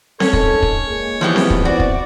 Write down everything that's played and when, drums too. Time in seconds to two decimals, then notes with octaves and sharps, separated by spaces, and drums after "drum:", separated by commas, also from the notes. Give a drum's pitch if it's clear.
0.20 F2 D#3 C#4 A4 C#5, drum: snare C4
0.33 drum: kick
0.62 drum: kick
0.87 A#2 G#3 A#3
1.21 E3 F3 B3 G4
1.36 drum: snare C4
1.50 drum: kick
1.65 B3 C4 E4 F#4 D5
1.80 drum: kick